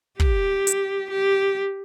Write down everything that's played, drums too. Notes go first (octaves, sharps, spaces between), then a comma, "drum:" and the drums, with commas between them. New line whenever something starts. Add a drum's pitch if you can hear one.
G4, drum: kick
drum: hi-hat
G4